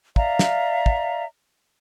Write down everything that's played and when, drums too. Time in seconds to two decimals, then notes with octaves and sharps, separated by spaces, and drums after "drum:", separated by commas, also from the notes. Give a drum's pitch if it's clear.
0.16 D5 E5 F5 A#5, drum: kick
0.39 drum: snare
0.86 drum: kick